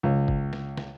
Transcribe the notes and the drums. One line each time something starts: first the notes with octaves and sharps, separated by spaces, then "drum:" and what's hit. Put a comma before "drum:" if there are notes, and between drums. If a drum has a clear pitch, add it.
C#2
drum: kick
drum: snare
drum: snare